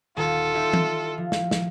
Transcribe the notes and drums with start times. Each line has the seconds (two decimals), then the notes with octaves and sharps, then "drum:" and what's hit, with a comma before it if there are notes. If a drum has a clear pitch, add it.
0.17 D#1 F4 A4
0.54 E4 G4
0.74 drum: tom E3
1.18 F3
1.32 drum: snare
1.51 drum: snare